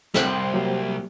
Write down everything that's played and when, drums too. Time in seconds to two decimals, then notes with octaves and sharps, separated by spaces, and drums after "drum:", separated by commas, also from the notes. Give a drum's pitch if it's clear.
0.14 C2 G3 C4 F#5, drum: snare
0.54 F#3 A#3 G4